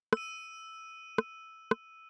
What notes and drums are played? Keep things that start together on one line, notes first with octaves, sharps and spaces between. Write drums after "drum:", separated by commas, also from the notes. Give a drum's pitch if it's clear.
E6 D#7, drum: rim click
drum: rim click
drum: rim click